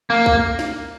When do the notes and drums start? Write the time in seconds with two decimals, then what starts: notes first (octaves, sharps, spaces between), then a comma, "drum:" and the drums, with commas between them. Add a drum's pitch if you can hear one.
0.10 A#3
0.26 drum: kick C2
0.59 drum: snare